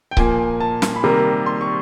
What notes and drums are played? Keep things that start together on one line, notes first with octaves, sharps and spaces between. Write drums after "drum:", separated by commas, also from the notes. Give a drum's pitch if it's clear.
G5
A#2 F3 A#3 G#5, drum: kick C#1
A5
drum: snare
B5
C3 D#3 G3 A#3 A#5
C6
C#6